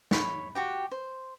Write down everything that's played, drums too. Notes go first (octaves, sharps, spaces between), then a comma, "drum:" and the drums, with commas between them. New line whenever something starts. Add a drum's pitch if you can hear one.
C#5 B5, drum: snare
F#4 G4 G5
C5